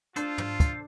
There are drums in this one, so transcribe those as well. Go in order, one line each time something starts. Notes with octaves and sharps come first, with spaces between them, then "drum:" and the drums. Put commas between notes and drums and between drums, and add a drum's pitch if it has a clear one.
D4 F4 A4 C5, drum: hi-hat
drum: tom
drum: kick, hi-hat